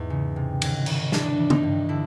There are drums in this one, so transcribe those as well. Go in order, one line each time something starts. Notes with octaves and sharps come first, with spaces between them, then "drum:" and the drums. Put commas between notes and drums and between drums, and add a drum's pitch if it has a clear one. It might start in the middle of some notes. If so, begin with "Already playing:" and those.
Already playing: E2 G#2
C#3
C3
D#3, drum: cymbal
D#3, drum: cymbal
E3 D4, drum: snare
E3
D#4, drum: tom C#3
G2
D3 E4